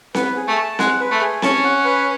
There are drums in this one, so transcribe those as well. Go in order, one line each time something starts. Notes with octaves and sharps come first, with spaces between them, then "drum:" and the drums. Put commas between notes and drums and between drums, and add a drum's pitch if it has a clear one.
B3 B4, drum: snare C4
G#4
A3
A5
G#3 F#5, drum: snare C4
B4
A3
G#4
C#4 A5, drum: snare C4
F#5
B4